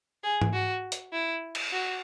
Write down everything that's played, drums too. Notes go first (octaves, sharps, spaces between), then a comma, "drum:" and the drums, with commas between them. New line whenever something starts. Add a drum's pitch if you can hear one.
G#4
drum: tom G#2
F#4
drum: hi-hat
E4
drum: cymbal
F#4